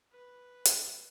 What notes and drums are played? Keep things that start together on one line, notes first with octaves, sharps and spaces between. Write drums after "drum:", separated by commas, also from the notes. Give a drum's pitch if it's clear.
B4
drum: hi-hat